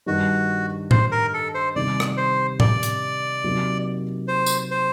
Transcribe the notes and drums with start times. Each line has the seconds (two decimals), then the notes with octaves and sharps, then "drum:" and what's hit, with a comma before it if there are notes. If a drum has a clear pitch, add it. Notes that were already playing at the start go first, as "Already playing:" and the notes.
0.06 G2 D#3 G3 F#4
0.91 C5, drum: tom A2
1.12 A#4
1.34 A4
1.54 C5
1.76 C3 D#3 G3 D5
2.00 drum: rim click
2.17 C5
2.60 D5, drum: tom A2
2.83 drum: hi-hat
3.44 C3 F#3 A#3 D#4 F#4
4.28 C5
4.46 drum: tambourine
4.71 C5